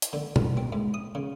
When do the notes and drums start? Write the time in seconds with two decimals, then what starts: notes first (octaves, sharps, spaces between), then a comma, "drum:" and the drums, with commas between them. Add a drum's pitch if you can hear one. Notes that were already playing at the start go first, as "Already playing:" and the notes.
0.02 drum: hi-hat
0.13 D3
0.36 D2, drum: tom
0.57 C4
0.72 G#2
0.94 D#6
1.15 C#3